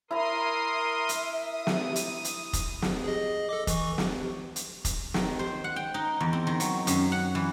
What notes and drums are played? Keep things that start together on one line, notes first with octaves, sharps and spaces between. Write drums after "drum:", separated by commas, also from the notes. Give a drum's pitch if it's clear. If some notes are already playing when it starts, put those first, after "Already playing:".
E4 A#4 A#5 C6 D#6
E5
drum: hi-hat
D#6
drum: snare
drum: hi-hat
drum: hi-hat
drum: kick F1, hi-hat
drum: snare
G#4 D#5
A4 D#5 D6
E3 C#6, drum: kick F1, hi-hat
drum: snare
drum: hi-hat
drum: kick F1, hi-hat
D#3, drum: snare
C5
F#5
G5
D#4
E2
C4
D#3
F#3, drum: hi-hat
F#2, drum: hi-hat
F#5
E3